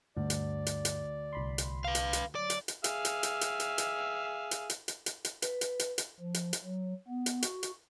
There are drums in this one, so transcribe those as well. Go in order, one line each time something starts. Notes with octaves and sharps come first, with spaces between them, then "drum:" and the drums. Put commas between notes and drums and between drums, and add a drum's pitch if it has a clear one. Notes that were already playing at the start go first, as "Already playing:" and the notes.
D2 G2 D5
drum: hi-hat
drum: hi-hat
drum: hi-hat
C2 B5 C6
drum: hi-hat
B4 F5
drum: hi-hat
drum: hi-hat
F#3 D5
drum: hi-hat
drum: hi-hat
G#4 E5 F5, drum: hi-hat
drum: hi-hat
drum: hi-hat
drum: hi-hat
drum: hi-hat
drum: hi-hat
drum: hi-hat
drum: hi-hat
drum: hi-hat
drum: hi-hat
drum: hi-hat
B4, drum: hi-hat
drum: hi-hat
drum: hi-hat
drum: hi-hat
F3
drum: hi-hat
drum: hi-hat
F#3
B3
drum: hi-hat
F#4, drum: hi-hat
drum: hi-hat